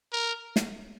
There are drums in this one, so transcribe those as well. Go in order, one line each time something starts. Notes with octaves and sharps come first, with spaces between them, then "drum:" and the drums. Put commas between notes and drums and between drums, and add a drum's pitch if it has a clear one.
A#4
drum: snare